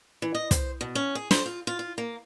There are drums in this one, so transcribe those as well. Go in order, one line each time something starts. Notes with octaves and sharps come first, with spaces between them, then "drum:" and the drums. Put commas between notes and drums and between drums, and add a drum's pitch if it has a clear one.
E3
D#5
C5, drum: kick, hi-hat
B2
C#4
G#4
C5, drum: snare
F4
F4
F4
A#3